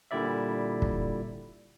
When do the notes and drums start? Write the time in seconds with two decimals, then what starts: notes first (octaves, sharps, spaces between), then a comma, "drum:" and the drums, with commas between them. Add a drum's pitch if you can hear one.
0.11 A#2 D3 G3 E4 D5 E5
0.82 drum: kick